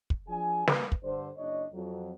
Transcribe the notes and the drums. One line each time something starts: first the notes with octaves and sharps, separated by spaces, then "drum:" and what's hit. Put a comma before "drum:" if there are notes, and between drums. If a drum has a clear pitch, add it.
drum: kick
F3 D4 G#4 G#5
G3 A#3 B4, drum: snare
drum: kick
G2 D3 C5
F#1 D4 C#5 D#5
F2 F#3